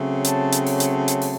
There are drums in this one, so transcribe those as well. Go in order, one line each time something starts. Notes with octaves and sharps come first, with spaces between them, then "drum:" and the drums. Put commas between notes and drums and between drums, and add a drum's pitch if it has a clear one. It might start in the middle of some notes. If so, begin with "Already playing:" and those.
Already playing: C#3 F#3 A3 C4
A5, drum: hi-hat
drum: hi-hat
A5, drum: open hi-hat
drum: hi-hat
drum: hi-hat
drum: open hi-hat